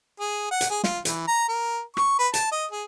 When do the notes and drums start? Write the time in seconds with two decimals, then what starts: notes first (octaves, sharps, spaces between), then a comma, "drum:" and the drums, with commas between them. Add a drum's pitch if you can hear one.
0.20 G#4
0.51 F#5
0.61 drum: hi-hat
0.70 G#4
0.84 F4, drum: snare
1.05 E3, drum: hi-hat
1.27 A#5
1.49 A#4
1.97 C#6, drum: rim click
2.19 B4
2.34 A5, drum: hi-hat
2.52 D#5
2.72 G#4